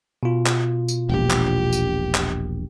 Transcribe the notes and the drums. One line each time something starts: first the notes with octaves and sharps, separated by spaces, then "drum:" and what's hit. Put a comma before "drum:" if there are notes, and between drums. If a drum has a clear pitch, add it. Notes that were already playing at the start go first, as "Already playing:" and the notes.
B2 F4
drum: clap
drum: tambourine
E1 A#1 G4
drum: clap
drum: tambourine
drum: clap